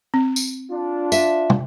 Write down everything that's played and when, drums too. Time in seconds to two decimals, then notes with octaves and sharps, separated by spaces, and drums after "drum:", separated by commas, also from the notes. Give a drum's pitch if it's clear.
0.14 C4
0.36 drum: tambourine
0.71 D4 F4
1.12 E5, drum: tambourine
1.50 drum: tom